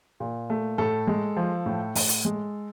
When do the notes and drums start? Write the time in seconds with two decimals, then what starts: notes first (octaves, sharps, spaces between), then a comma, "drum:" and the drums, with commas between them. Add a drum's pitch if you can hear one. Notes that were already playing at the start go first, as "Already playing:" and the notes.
0.20 A#2
0.50 A3
0.78 A2 A4
1.07 G#3
1.37 F3
1.66 A2
1.95 A2, drum: open hi-hat
2.09 drum: hi-hat
2.25 G#3